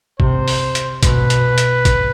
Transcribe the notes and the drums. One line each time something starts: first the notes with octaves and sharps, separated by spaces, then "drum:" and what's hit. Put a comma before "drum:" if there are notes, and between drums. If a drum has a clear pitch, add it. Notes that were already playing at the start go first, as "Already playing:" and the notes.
C3 C5, drum: kick
drum: open hi-hat
drum: hi-hat
B2 B4, drum: kick, hi-hat
drum: hi-hat
drum: hi-hat
drum: kick, hi-hat